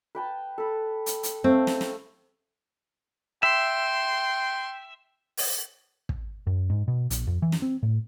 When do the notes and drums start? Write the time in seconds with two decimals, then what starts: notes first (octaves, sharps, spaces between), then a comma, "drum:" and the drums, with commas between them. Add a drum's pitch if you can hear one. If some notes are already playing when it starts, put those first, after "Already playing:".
0.15 B4 G5 A5
0.58 A4 B4
1.06 drum: hi-hat
1.23 drum: hi-hat
1.44 A3 C4 F5
1.67 drum: snare
1.81 drum: snare
3.43 E5 G5 C6
5.37 drum: open hi-hat
6.09 drum: kick
6.47 F#2
6.70 G#2
6.88 B2
7.10 A#1, drum: hi-hat
7.27 F2
7.42 E3
7.52 drum: snare
7.62 C4
7.83 A2